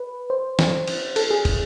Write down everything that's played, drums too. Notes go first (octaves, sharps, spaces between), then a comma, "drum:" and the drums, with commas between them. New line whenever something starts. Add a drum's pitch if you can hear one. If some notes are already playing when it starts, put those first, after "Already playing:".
Already playing: B4
C5
drum: snare
drum: cymbal
A4, drum: cymbal
G#4
drum: kick, cymbal